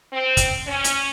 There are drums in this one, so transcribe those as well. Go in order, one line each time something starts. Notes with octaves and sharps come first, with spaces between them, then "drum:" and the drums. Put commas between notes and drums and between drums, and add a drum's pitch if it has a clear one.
C4
drum: kick, hi-hat
C#4
drum: hi-hat